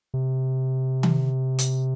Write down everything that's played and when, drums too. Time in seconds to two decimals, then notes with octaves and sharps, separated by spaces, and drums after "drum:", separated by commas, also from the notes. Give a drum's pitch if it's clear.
0.14 C3
1.03 drum: tom D#3
1.59 drum: hi-hat